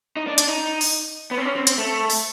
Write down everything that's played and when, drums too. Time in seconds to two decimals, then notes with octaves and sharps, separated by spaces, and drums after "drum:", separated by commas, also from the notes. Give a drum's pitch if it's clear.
0.17 D#4
0.27 D4
0.38 D4, drum: hi-hat
0.49 D#4
0.81 drum: open hi-hat
1.31 B3
1.38 C4
1.45 C#4
1.56 C4
1.67 C4, drum: hi-hat
1.78 A3
2.10 drum: open hi-hat